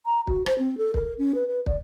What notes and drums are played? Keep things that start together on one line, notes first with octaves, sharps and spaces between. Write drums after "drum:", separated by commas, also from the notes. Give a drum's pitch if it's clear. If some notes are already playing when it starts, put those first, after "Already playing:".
A#5
F#4, drum: kick
C5, drum: rim click
C4
A4
A#4, drum: kick
C#4
B4
B4
D5, drum: kick